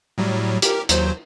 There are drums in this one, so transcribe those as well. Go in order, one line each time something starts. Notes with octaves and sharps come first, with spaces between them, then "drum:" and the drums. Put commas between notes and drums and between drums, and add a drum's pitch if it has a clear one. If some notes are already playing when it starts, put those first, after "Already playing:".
A2 F#3 G3
G4 A#4, drum: hi-hat
D#2 F#3 C5, drum: hi-hat